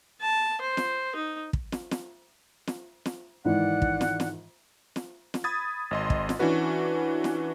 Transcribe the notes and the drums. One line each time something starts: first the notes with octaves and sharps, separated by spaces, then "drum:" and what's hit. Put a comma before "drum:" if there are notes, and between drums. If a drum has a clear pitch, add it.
A5
C5
drum: snare
D#4
drum: kick
drum: snare
drum: snare
drum: snare
drum: snare
G#2 D#3 E3 D5 F#5 F#6
drum: kick
drum: snare
drum: snare
drum: snare
drum: snare
B5 D#6 G#6 A6
G#1 D#5 C6
drum: kick
drum: snare
E3 C#4 D4 F#4 B4
drum: snare